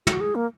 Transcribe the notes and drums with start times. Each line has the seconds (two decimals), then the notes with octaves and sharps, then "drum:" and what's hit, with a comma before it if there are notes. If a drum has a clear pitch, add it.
0.07 F#4, drum: tom
0.21 G#4
0.35 A#3